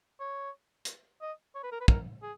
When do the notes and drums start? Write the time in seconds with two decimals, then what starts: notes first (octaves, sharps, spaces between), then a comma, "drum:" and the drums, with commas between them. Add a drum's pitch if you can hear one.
0.20 C#5
0.85 drum: hi-hat
1.21 D#5
1.55 C#5
1.63 B4
1.72 A#4
1.80 B4
1.88 A#4, drum: kick
2.22 G#4